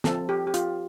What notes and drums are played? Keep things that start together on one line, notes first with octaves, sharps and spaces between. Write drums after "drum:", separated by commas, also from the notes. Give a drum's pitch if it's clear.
F3 C4 A4, drum: snare
G4
G4
F4, drum: hi-hat